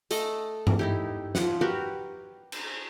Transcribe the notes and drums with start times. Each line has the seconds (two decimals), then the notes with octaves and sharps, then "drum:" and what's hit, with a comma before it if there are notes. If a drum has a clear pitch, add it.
0.11 A3 A4 D#5, drum: hi-hat
0.67 drum: tom G2
0.79 D#4 E4 G4
1.35 F3 F#5, drum: snare
1.61 F#4 G4 A#4 B4
2.52 drum: cymbal